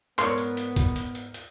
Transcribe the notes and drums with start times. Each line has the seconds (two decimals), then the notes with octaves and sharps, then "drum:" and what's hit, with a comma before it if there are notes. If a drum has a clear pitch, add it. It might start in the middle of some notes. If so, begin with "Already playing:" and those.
0.19 G#2 B3 A#4 C#5 C6, drum: clap
0.38 drum: hi-hat
0.57 drum: hi-hat
0.76 drum: kick, hi-hat
0.96 drum: hi-hat
1.15 drum: hi-hat
1.34 drum: hi-hat